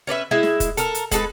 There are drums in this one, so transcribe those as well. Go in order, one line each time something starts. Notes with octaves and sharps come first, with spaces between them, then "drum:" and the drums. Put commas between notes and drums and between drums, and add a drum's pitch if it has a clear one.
C#4 D4 B4 E5
G#3 E4 E5
drum: snare
drum: kick, hi-hat
A4 A#4, drum: hi-hat
drum: hi-hat
G#3 A4 B4, drum: kick, hi-hat